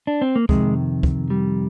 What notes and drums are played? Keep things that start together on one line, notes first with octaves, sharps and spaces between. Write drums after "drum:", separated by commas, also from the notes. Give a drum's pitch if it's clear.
D4
C4
A#3
F2 C3 D#3 G#3, drum: kick
drum: kick
G3